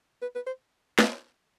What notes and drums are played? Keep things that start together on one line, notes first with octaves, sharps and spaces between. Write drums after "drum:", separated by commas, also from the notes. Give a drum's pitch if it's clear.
B4
B4
C5
drum: snare